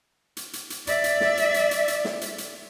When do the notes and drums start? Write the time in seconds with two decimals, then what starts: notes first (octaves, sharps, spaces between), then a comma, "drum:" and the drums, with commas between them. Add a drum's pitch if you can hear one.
0.37 drum: hi-hat
0.53 drum: hi-hat
0.70 drum: hi-hat
0.87 D5 E5, drum: hi-hat
1.04 drum: hi-hat
1.21 drum: snare
1.37 drum: hi-hat
1.54 drum: hi-hat
1.71 drum: hi-hat
1.88 drum: hi-hat
2.05 drum: snare
2.21 drum: hi-hat
2.38 drum: hi-hat